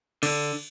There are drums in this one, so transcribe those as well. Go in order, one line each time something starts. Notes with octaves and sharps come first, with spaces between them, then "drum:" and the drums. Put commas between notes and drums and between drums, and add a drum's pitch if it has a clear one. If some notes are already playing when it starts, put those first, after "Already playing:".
D3, drum: cymbal